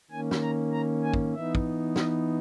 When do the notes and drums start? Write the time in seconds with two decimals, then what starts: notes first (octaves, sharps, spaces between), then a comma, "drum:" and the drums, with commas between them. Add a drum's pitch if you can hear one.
0.11 D#3 A#3 C#4 G#5
0.31 drum: snare
0.41 A#5
0.72 A#5
1.03 G#5
1.14 drum: kick
1.34 E3 B3 D#4 E5
1.55 drum: kick
1.96 D#5, drum: snare